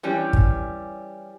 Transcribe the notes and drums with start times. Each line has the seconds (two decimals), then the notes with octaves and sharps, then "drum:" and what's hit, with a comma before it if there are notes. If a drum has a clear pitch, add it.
0.03 E3 G3 C#4
0.33 drum: kick